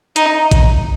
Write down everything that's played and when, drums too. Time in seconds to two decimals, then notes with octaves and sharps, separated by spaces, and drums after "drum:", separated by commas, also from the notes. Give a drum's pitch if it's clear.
0.16 D#4, drum: hi-hat
0.51 drum: kick, hi-hat